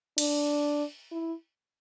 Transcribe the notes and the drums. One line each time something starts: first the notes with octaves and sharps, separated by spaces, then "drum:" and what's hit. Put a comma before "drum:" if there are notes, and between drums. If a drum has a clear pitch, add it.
D4, drum: cymbal
E4